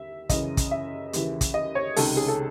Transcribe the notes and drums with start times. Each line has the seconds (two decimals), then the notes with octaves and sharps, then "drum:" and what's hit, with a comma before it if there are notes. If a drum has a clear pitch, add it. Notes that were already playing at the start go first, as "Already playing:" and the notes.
Already playing: D#2 E5
0.29 F#2 C#3 E3 D#5, drum: kick, hi-hat
0.57 drum: kick, hi-hat
0.71 E5
1.13 D#2 C#3 E3, drum: hi-hat
1.41 drum: kick, hi-hat
1.54 D#5
1.75 C#5
1.96 C#2 C3 D#3 A4, drum: open hi-hat
2.17 G#4
2.28 A4